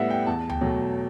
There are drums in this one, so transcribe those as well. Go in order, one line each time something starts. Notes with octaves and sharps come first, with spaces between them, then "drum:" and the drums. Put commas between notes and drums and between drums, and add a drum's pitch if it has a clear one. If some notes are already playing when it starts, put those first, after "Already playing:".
Already playing: A2 G3 B3 E5 F#5
G5
E2 A5
G5, drum: tom D2
B2 F#3 A3